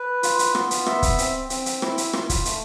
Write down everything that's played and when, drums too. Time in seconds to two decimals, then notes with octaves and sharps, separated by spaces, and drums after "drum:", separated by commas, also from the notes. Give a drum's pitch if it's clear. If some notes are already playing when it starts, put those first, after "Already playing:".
Already playing: B4
0.23 F4, drum: hi-hat
0.39 drum: hi-hat
0.55 B3, drum: rim click
0.71 drum: hi-hat
0.86 E5, drum: rim click
1.02 drum: kick, hi-hat
1.18 C4, drum: hi-hat
1.50 C4, drum: hi-hat
1.66 drum: hi-hat
1.82 E4, drum: rim click
1.98 drum: hi-hat
2.13 F4, drum: rim click
2.29 drum: kick, hi-hat
2.45 A3, drum: hi-hat